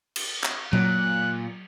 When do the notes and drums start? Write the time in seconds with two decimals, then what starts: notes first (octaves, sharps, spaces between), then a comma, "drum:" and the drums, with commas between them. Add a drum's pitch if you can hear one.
0.16 drum: cymbal
0.43 drum: clap
0.73 A#2 F#3 F#6, drum: tom A#2